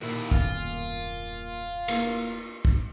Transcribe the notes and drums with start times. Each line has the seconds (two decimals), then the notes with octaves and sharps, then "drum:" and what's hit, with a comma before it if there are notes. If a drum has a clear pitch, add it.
0.01 D#2 A#2 E4
0.31 D#1 F#2 B2 F4, drum: kick
1.88 A#3, drum: cymbal
2.65 drum: kick